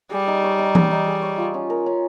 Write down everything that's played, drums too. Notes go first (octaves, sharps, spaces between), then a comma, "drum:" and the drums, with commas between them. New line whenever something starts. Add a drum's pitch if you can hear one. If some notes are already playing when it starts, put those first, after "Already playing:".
G3 G#4
D#4
C#5
D#4
D#4, drum: tom E3
D#4
G#4
C#5
F4
C#4
A#4
C#4